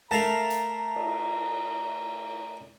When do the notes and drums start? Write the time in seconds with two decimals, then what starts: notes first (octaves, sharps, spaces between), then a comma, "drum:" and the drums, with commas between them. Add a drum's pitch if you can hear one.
0.11 A3 A#4 F5 A5 A#5
0.50 drum: hi-hat
0.96 drum: cymbal